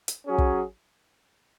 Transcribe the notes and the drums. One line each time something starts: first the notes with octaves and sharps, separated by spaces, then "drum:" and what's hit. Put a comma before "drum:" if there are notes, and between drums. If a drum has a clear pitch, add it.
drum: hi-hat
F#3 C#4 G#4
drum: kick